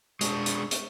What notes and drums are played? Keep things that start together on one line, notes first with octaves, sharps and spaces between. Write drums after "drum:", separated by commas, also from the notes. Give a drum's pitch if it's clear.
G#3 D4 C#6, drum: hi-hat
drum: hi-hat
drum: hi-hat